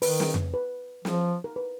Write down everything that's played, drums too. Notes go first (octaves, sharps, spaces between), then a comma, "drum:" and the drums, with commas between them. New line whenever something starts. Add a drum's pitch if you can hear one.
D#3 B4, drum: open hi-hat
drum: snare
drum: tom F2
B4
F3, drum: snare
A#4
B4